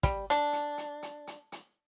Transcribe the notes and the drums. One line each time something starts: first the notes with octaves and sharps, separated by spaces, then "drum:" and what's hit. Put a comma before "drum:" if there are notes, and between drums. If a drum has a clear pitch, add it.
G3, drum: kick, hi-hat
D4, drum: hi-hat
drum: hi-hat
drum: hi-hat
drum: hi-hat
drum: hi-hat
drum: hi-hat